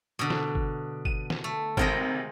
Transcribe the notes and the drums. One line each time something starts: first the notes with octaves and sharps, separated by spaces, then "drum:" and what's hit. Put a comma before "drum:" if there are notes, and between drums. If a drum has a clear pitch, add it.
B2 D3
drum: snare
drum: kick G1
D#7, drum: kick G1
drum: snare
A3
G#1 C3 G#3 A#4 G5 A#6, drum: kick G1